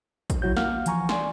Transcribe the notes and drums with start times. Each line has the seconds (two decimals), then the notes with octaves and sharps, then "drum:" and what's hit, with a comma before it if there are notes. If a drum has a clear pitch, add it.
0.30 drum: kick A1, hi-hat
0.42 C#2 F#3 E4 F#4 C#5 G6
0.57 A#3 F5 F#5 F6, drum: snare
0.86 E3 F3 G#5 A#5 C#6, drum: hi-hat
1.09 D5 G#5 C6, drum: snare